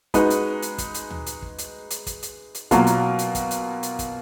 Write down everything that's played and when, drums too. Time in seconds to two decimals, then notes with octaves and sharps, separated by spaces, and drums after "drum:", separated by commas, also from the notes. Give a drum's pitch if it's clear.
0.14 G#3 D#4 F#4 B4, drum: kick, hi-hat
0.30 drum: hi-hat
0.62 drum: hi-hat
0.78 drum: kick, hi-hat
0.94 drum: hi-hat
1.10 drum: tom D2
1.26 drum: hi-hat
1.42 drum: kick
1.58 drum: hi-hat
1.90 drum: hi-hat
2.06 drum: kick, hi-hat
2.22 drum: hi-hat
2.55 drum: hi-hat
2.71 B2 F#3 A#3 F4 A#4, drum: kick, hi-hat
2.87 drum: hi-hat
3.19 drum: hi-hat
3.35 drum: kick, hi-hat
3.51 drum: hi-hat
3.83 drum: hi-hat
3.99 drum: kick, hi-hat